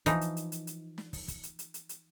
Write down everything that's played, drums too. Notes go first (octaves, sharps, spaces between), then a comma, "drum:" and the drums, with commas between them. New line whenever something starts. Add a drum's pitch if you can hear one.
E3 F3 D#4, drum: kick, hi-hat
drum: hi-hat
drum: hi-hat
drum: hi-hat
drum: hi-hat
drum: snare
drum: kick, open hi-hat
drum: kick, hi-hat
drum: hi-hat
drum: hi-hat
drum: hi-hat
drum: hi-hat